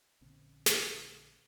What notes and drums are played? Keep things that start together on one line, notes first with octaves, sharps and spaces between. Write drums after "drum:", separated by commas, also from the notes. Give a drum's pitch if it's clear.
A#1 D3 C4 C#4
drum: snare